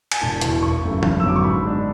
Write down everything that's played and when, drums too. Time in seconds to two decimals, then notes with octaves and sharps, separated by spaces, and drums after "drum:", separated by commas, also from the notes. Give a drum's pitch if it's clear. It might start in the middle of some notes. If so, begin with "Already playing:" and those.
0.12 G#5, drum: cymbal
0.21 E1 A5
0.41 E2 B2, drum: hi-hat
0.63 G#1 C#6
0.83 F#2 C#3 F#3 A3
1.03 G#1, drum: tom F3
1.20 E6
1.23 F#2 D3 F#3 B3 D6
1.36 C#6
1.44 G#2 B5
1.64 G#3 D4